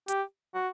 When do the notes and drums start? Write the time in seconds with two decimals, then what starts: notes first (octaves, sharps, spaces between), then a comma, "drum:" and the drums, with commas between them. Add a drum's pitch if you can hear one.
0.08 G4, drum: hi-hat
0.54 F#4